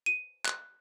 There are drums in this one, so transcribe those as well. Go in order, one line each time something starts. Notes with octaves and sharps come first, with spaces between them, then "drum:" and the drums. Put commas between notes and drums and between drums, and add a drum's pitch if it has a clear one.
D#7
F#6, drum: clap